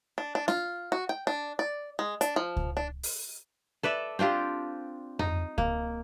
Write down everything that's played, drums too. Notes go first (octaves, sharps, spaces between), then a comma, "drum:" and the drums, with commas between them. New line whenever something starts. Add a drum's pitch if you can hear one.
D4
D4
F4, drum: snare
F#4
G5
D4
D5
G#3
D4, drum: hi-hat
F3
drum: kick C#2
D4
drum: open hi-hat
A4 B4 D5 E5
C4 D4 F4 G4
D#4, drum: tom F2
A#3, drum: kick C#2